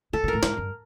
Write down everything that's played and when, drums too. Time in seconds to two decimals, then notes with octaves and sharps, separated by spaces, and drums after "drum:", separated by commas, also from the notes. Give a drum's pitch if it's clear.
0.13 A#2 A4
0.24 B2
0.28 A2 A#4
0.43 G#2, drum: snare
0.57 G2